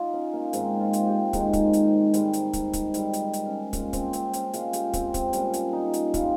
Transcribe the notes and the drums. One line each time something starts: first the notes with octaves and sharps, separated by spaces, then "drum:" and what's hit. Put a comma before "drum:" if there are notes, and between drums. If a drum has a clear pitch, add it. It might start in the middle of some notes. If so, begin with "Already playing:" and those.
Already playing: D#4 F4
C#4
A#3
G#2 D#3 G#3 C4, drum: hi-hat
F4
drum: hi-hat
G4
G#2 D#3 G#3, drum: kick, hi-hat
drum: kick, hi-hat
drum: hi-hat
G#2 G3, drum: hi-hat
drum: hi-hat
drum: kick, hi-hat
drum: kick, hi-hat
G#2 G3, drum: hi-hat
drum: hi-hat
drum: hi-hat
C#4
A#2 G#3 C#4, drum: kick, hi-hat
C4, drum: kick, hi-hat
C4, drum: hi-hat
C#4, drum: hi-hat
A#2 G#3 F4, drum: hi-hat
G4, drum: hi-hat
C4, drum: kick, hi-hat
C4, drum: kick, hi-hat
A#2 G3 C#4, drum: hi-hat
drum: hi-hat
D#4
drum: hi-hat
A#2 G3 F4, drum: kick, hi-hat